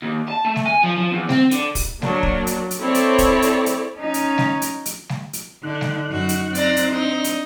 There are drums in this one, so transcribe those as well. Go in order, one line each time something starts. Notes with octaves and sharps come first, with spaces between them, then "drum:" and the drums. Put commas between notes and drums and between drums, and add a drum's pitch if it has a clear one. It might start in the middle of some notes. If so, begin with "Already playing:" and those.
D#2
A5
A3
drum: snare G3
G#5
F3
F3
E2
C4, drum: snare G3
D3, drum: hi-hat
drum: kick, open hi-hat
F#3 A#3 D4, drum: snare G3
drum: kick
drum: hi-hat
drum: hi-hat
C4 E4 A4 C#5 D5
drum: hi-hat
drum: kick, hi-hat
drum: hi-hat
drum: hi-hat
C#4 D#4
drum: hi-hat
drum: snare G3
drum: hi-hat
drum: hi-hat
drum: snare G3
drum: hi-hat
D3 D#4 F#6
drum: snare G3
F#2 F#4
drum: hi-hat
C4 D5 A#5, drum: hi-hat
drum: hi-hat
D4 D#4
drum: hi-hat